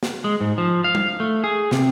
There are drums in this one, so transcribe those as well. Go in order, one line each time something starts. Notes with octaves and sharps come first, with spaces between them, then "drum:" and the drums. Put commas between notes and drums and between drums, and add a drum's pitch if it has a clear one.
drum: snare
G#3
G#2
F3
F5
drum: tom G3
A3
G#4
C3, drum: snare